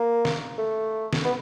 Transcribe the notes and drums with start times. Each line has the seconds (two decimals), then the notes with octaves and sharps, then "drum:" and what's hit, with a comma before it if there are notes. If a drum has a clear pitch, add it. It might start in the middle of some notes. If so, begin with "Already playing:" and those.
Already playing: A#3
0.25 drum: snare
0.58 A3
1.13 drum: snare
1.24 B3